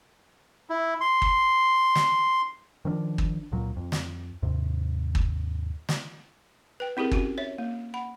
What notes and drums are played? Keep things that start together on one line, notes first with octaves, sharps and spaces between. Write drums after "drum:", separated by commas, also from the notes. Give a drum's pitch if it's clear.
E4
C6
drum: kick
drum: snare
D#3 F3 C4 D4
drum: kick
C#2 A#2 F#3
F2
drum: snare
D#2 G#2 C3
drum: kick
drum: snare
B4 G5
C4 E4 G4 G#4 A#4
C#4 F#4 G4, drum: kick
C#5 E5
A#3
F#5 B5